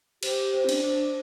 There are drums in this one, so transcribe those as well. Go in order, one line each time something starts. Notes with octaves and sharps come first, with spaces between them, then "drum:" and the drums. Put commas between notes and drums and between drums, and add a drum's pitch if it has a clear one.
G4 C5, drum: cymbal
C5
C4
D4, drum: cymbal
C5